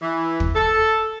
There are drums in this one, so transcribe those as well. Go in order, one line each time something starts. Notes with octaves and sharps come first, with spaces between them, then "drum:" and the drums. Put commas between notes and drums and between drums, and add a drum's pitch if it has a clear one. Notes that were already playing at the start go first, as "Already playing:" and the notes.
E3
drum: kick
A4